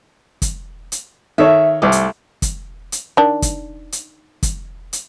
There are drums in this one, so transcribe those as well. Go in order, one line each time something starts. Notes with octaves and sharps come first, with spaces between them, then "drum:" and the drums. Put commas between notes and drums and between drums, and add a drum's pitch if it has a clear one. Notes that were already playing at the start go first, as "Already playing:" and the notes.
drum: kick, hi-hat
drum: hi-hat
D#3 A4 C#5 E5
C2 A3 D6
drum: hi-hat
drum: kick, hi-hat
drum: hi-hat
D#3 D4
drum: kick, hi-hat
drum: hi-hat
drum: kick, hi-hat
drum: hi-hat